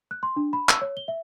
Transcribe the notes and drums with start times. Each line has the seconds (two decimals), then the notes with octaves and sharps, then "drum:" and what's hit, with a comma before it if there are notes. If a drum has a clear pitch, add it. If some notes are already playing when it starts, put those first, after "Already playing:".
0.11 F#6
0.23 C6
0.36 D4
0.53 B5
0.69 E6, drum: clap
0.81 C#5
0.97 G7
1.08 E5